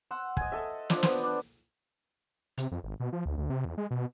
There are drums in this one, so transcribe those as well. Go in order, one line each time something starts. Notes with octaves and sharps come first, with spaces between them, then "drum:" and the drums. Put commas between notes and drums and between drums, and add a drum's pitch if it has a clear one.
F#5 C6 E6
D#5 G#5, drum: kick
A4 D#5 E5
F3 D4 D5 D6, drum: snare
B3 B4 C5, drum: snare
D4
C3, drum: hi-hat
F2
G#1
B2
F3
D2
D2
C3
E2
G#3
B2